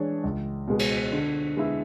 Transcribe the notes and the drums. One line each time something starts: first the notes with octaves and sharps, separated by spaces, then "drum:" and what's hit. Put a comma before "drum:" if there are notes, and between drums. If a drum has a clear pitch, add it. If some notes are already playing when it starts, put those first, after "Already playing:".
Already playing: E3 G#3 D4 G#4 C#5
C#2
B2 G#3 B3
drum: cymbal
D3
G#3 B3 E4